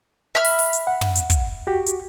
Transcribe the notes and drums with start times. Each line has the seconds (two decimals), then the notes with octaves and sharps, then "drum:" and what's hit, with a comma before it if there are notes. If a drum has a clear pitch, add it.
0.35 E5 B5 F6
0.44 drum: open hi-hat
0.59 drum: open hi-hat
0.73 drum: hi-hat
0.87 F#5
1.01 drum: tom
1.15 drum: hi-hat
1.30 drum: kick, hi-hat
1.67 F#4 G4
1.86 drum: hi-hat